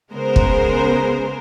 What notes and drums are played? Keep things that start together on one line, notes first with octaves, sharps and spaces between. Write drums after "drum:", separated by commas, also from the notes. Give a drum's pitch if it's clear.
C#3 G#3 B3 A#4 C5
drum: kick